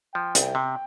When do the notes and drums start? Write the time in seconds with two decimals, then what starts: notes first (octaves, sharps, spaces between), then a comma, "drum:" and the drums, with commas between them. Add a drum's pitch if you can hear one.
0.14 F3 G5
0.35 C2, drum: hi-hat
0.55 C3